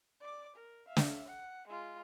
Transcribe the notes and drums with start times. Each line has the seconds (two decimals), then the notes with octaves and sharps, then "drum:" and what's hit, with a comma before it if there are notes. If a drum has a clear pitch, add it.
0.21 D5 D6
0.55 A#4
0.87 E5 F5
0.97 drum: snare
1.25 F#5
1.67 G#3 F4